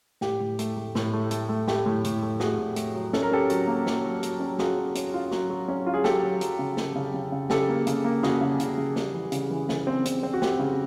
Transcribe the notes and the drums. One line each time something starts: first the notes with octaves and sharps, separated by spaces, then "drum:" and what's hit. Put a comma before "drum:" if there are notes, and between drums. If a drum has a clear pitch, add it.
A2 G4, drum: snare
A2
A3, drum: hi-hat
A3
A2, drum: snare
A3
A3, drum: hi-hat
A3
A3 G4, drum: snare
A2
A2, drum: hi-hat
A3
A3 F#4 G#4, drum: snare
A2
A3, drum: hi-hat
F#3
C#4 A4, drum: snare
A#4
C#4 G4 A4
F#3, drum: hi-hat
A#3
F#3, drum: snare
F#3
F#3, drum: hi-hat
C#4
F4 F#4 G#4, drum: snare
C#4
C#4, drum: hi-hat
F4
F#3, drum: snare
F#3
C#4
F4
G#4
F#3 G4 A4, drum: snare
F#3
F#3, drum: hi-hat
C#3
F#3, drum: snare
C#3
C#3
C#3
C#3 G4 A4, drum: snare
A#3
C#3, drum: hi-hat
A#3
C#3 F#4 G#4, drum: snare
C#3
C#3, drum: hi-hat
C#3
G3, drum: snare
E3
C#3, drum: hi-hat
E3
C#3, drum: snare
C4
C4, drum: hi-hat
C4
F#4
C4 G4, drum: snare
C#3